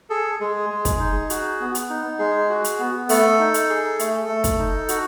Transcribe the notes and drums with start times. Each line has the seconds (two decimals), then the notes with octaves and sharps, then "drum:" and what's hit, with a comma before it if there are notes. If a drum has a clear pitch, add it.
0.10 G#4 A4
0.40 G#3 G#4
0.70 G#3
0.85 drum: kick, hi-hat
0.99 D#4
1.30 F#4, drum: hi-hat
1.60 B3
1.75 drum: hi-hat
1.90 D#4
2.19 G#3 G#4
2.50 F#4
2.64 drum: hi-hat
2.79 B3
3.09 A3 A4, drum: open hi-hat
3.39 D#4
3.54 drum: hi-hat
3.70 G#4
3.99 A3, drum: hi-hat
4.28 A3
4.44 drum: kick, hi-hat
4.59 D#4
4.89 F#4, drum: hi-hat